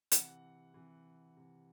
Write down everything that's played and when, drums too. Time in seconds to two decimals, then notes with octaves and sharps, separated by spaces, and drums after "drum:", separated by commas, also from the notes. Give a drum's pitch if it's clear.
0.11 C3 E3 F#5, drum: hi-hat
0.74 C3 E3
1.37 C3 E3